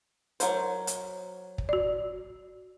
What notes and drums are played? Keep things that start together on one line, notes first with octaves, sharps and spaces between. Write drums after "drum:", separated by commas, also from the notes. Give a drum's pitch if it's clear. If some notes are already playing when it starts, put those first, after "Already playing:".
F#3 A#4 C5, drum: hi-hat
drum: hi-hat
drum: kick
F#4 D5